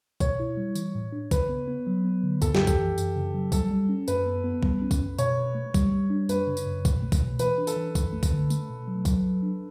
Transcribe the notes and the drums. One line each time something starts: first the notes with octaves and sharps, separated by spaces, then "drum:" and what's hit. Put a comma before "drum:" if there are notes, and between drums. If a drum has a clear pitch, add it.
B2 C#5, drum: kick B1, tambourine
E4
G3
E3, drum: tambourine
A2
D4
C#3 B4, drum: kick B1, tambourine
B3
B3
F#3
B3
D3
F#2 A4, drum: kick B1, tambourine
G4, drum: snare
F#2
A4, drum: kick B1, tambourine
E3
F#2, drum: tambourine
C#3
F#3
G3 A4, drum: kick B1, tambourine
G3
C#4
F#2 B4, drum: tambourine
B3
B3
G3, drum: kick B1
C#4
drum: kick B1, tambourine
F#2
B2 C#5, drum: tambourine
B2
A3
G3, drum: kick B1, tambourine
G3
D4
F#2 B4, drum: tambourine
C#3
drum: tambourine
F#2
B2, drum: kick B1, tambourine
A3
drum: kick B1, tambourine
B2
E3 B4, drum: tambourine
D4
A4, drum: tambourine
E3
F#2, drum: kick B1, tambourine
A3
drum: kick B1, tambourine
D3
A3, drum: tambourine
B2
F#3
F#3, drum: kick B1, tambourine
F#3
D4